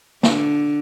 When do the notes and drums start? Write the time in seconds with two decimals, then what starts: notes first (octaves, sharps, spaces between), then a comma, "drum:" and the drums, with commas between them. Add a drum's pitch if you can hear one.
0.23 D3, drum: snare